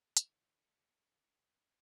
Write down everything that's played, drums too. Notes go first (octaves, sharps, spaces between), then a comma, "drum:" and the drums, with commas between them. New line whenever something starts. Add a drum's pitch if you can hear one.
D3 E4 A4, drum: hi-hat